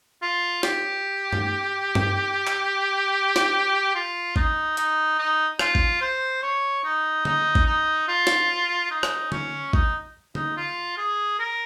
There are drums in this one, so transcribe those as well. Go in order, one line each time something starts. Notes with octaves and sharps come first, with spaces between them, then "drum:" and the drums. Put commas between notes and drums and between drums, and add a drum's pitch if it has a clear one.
F4
G4, drum: snare
drum: tom G2
drum: tom G2
drum: clap
drum: snare
F4
D#4, drum: kick
D#4, drum: hi-hat
D#4
F4, drum: rim click
drum: kick
C5
C#5
D#4
D#4, drum: tom D3
drum: kick
D#4
F4
drum: snare
D#4
drum: rim click
C#4, drum: tom D3
D#4, drum: kick
D#4, drum: tom D3
F4
G#4
A#4